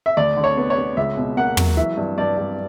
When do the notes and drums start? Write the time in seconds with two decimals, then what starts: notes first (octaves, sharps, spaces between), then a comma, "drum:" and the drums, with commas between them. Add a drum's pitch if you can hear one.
0.06 E5
0.17 D2 D5
0.37 D3
0.44 C#5
0.57 B3
0.70 C#5
0.77 B3
0.97 C#2 E5
1.17 B2
1.37 A#3 F#5
1.57 F#3, drum: tom
1.77 E3 E5
1.97 G2
2.18 G2 D5
2.37 G2